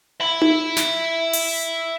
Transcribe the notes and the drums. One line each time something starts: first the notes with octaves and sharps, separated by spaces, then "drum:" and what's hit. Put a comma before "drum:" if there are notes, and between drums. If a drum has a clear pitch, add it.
E5 B5
drum: tom D#4
drum: snare
drum: open hi-hat